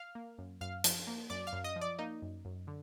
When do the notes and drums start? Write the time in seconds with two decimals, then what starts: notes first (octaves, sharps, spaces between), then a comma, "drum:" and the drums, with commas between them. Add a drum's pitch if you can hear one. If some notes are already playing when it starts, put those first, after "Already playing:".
Already playing: F5 F6
0.15 A#3
0.38 F#2
0.61 F#2 F5 F6
0.84 F3, drum: hi-hat
1.07 A#3
1.30 F#2 D5 D6
1.47 F5 F6
1.53 F#2
1.64 D#5 D#6
1.76 F3
1.81 D5 D6
1.99 A#3 D#4 D#5
2.22 F#2
2.45 F#2
2.67 D3